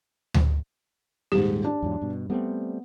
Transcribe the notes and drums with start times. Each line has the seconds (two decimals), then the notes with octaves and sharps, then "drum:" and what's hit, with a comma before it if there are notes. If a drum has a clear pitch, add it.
0.34 drum: tom D2
1.32 D#1 G#2 G4
1.65 D4
1.82 E2 G#2 F#3
2.02 G2 B2
2.30 G3 A3 B3 C4